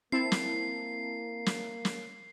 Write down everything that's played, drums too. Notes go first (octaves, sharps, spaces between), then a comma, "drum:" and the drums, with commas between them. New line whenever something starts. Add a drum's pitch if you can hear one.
A#3 C4 E4 A5 C7
drum: snare
drum: snare
drum: snare